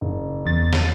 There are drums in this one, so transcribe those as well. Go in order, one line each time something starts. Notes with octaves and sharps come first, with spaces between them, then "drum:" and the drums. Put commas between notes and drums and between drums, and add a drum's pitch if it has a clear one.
F#1
E2 A6
drum: snare